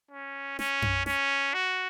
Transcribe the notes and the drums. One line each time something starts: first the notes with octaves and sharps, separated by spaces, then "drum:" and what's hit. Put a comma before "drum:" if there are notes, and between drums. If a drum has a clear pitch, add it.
C#4
C#4, drum: snare
drum: tom F#2
C#4, drum: snare
F#4